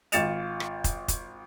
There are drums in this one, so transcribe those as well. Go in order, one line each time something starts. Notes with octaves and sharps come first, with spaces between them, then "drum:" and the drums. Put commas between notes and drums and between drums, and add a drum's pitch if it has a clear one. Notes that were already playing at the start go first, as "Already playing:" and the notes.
G#1 F4 A6 C#7 E7 F7, drum: hi-hat
drum: rim click
drum: kick F1, hi-hat
drum: kick F1, hi-hat